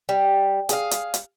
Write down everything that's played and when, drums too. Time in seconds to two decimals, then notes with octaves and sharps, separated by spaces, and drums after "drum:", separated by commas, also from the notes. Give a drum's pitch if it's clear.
0.09 G3
0.69 G#4 F5, drum: hi-hat
0.91 drum: hi-hat
1.14 drum: hi-hat